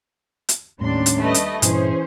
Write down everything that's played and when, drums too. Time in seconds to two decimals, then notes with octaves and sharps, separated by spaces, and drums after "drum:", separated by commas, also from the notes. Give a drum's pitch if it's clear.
0.49 drum: hi-hat
0.81 D#2 A2 G3 C#4 D4 C6
1.06 drum: hi-hat
1.20 G3 A3 B4 D#5
1.34 drum: hi-hat
1.62 G2 A#2 E3 C#4 D4 G#4 C5, drum: hi-hat